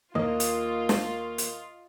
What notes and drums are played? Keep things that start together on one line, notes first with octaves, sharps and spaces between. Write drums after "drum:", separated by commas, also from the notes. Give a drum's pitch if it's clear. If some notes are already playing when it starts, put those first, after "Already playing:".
D#2 A#3 F4 D#5
drum: hi-hat
drum: snare
drum: hi-hat